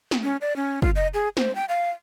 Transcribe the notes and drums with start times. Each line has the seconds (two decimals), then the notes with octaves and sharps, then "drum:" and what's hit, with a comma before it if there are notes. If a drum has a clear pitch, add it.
0.11 drum: snare
0.23 C#4
0.41 D5
0.56 C#4
0.82 F4, drum: kick
0.96 D#5
1.14 G#4
1.37 C5, drum: snare
1.55 G5
1.69 F5